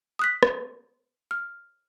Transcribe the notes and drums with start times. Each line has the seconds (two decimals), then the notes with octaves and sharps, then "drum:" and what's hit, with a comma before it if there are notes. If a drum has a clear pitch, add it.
0.19 D#6 F#6 B6
0.43 drum: rim click
1.31 F6